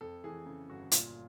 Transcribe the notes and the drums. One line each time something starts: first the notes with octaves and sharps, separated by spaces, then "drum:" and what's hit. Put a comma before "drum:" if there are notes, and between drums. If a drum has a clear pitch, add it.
F2 A4
E3 G#4
C#3
G1 F#4
A#2 F4, drum: hi-hat